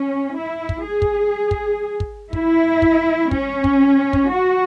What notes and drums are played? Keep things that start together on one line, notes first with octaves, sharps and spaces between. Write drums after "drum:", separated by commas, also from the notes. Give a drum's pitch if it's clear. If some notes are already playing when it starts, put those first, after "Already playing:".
Already playing: C#4
E4
drum: kick
G#4
drum: kick
drum: kick
drum: kick
E4, drum: kick
drum: kick
C#4, drum: kick
drum: kick
drum: kick
F#4